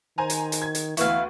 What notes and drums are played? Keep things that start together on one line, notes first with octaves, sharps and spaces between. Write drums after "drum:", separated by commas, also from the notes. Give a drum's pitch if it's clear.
D#3 C5 G#5 A#5
drum: hi-hat
drum: hi-hat
G#6
drum: hi-hat
D2 E3 B3 E4 F5 C#6, drum: hi-hat